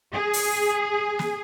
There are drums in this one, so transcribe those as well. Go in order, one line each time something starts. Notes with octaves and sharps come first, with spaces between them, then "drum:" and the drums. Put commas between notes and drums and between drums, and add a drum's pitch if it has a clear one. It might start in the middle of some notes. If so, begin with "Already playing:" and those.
G#4
drum: open hi-hat
drum: snare